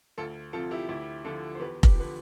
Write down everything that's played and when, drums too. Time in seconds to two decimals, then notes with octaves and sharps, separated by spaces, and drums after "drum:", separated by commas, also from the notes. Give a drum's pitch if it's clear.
0.18 D2 F4 A4
0.53 C3 F3 F4 A4
0.71 E4 G4
0.89 D2 E4 G4
1.24 D3 F3 F4 A4
1.55 C5
1.60 E2 G4 B4
1.83 G4 B4, drum: kick F1
1.95 D3 F3 B4